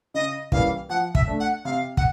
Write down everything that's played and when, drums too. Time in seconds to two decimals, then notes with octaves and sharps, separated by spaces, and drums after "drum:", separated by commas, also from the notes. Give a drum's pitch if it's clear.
0.14 C#3 D#5
0.52 E3 G3 A#3 C#4 F5, drum: kick
0.90 F3 F#5
1.15 E5, drum: kick
1.27 A3 D4
1.40 F#5
1.65 C3 F5
1.97 F#5, drum: kick